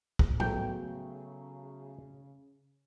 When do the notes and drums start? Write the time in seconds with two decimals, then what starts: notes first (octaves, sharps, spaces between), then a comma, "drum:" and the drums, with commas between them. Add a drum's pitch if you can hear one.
0.19 drum: kick
0.40 C#3 F#3 A3 B3 G5, drum: tom A2